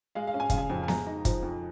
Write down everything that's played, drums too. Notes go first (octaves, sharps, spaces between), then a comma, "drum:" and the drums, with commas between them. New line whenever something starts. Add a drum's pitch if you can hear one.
G#3 F5
F5
C#4
G#5
C#3 F5, drum: kick, hi-hat
G#5
F2
G#5
G#3 A#5, drum: snare B3
D#4
F3, drum: kick, hi-hat
F2